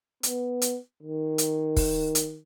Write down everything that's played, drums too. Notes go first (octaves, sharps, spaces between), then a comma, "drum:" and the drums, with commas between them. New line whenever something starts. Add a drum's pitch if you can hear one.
B3, drum: hi-hat
drum: hi-hat
D#3
drum: hi-hat
drum: kick, open hi-hat
drum: hi-hat